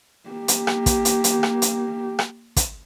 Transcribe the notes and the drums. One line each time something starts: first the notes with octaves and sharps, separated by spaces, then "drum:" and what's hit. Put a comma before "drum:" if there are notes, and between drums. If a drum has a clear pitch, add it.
A#3 G4
drum: hi-hat
drum: rim click
drum: kick, hi-hat
drum: hi-hat
drum: hi-hat
drum: rim click
drum: hi-hat
drum: rim click
drum: kick, hi-hat